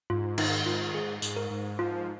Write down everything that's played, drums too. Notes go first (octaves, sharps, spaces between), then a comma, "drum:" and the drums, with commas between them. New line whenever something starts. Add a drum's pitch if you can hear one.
G#2 F4
D#3 D#4, drum: cymbal
G#2 F4
G#2 G#4
G#2, drum: tambourine
A#4
G#2
F3 F4